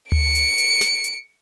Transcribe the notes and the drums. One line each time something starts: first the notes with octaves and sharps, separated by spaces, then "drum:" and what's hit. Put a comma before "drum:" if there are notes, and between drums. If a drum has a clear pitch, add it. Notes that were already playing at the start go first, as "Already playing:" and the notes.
C#7 D7, drum: tom D2
drum: hi-hat
drum: hi-hat
drum: snare
drum: hi-hat